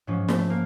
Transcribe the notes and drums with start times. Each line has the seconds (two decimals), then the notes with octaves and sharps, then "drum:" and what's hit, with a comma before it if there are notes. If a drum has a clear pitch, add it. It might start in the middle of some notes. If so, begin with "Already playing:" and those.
0.07 G#2 F3 C#4
0.28 A3, drum: snare
0.50 A#3